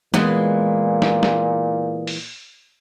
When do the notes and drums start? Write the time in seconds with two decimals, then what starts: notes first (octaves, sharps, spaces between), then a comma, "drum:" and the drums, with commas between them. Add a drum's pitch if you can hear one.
0.14 A#2 E3 G#3 B3, drum: snare
1.02 drum: snare
1.23 drum: snare
2.07 drum: open hi-hat